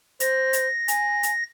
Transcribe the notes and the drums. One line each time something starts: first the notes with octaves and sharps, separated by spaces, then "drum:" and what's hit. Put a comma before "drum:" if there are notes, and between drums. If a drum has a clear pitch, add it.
C5 A#6, drum: hi-hat
drum: hi-hat
G#5, drum: hi-hat
drum: hi-hat